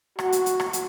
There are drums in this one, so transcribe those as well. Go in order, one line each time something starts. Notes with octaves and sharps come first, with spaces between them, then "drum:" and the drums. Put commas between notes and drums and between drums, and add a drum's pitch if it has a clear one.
F#4, drum: rim click
drum: hi-hat
drum: hi-hat
drum: rim click
drum: hi-hat